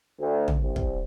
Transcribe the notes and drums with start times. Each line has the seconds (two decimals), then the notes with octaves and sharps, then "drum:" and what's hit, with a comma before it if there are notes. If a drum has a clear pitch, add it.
0.20 D2
0.48 drum: tom
0.62 C2
0.76 drum: kick